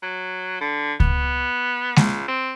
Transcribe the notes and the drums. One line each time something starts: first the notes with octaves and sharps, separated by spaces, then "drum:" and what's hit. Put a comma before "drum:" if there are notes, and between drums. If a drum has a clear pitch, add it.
F#3
D3
B3, drum: kick C#2
C#2, drum: snare G#3
C4